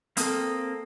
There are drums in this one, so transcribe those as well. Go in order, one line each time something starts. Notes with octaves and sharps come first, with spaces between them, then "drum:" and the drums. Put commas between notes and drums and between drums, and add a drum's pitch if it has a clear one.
A#3 C4 A4 D#6, drum: hi-hat